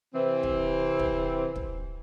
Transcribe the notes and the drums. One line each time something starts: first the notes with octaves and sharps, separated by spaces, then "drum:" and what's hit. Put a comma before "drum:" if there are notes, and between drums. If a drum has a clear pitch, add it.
C3 E3 C4
drum: kick
drum: kick
drum: kick